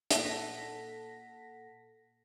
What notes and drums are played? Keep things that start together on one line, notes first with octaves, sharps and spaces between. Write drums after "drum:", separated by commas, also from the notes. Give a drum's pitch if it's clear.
A#2 A4 F#5 A#6 B6, drum: hi-hat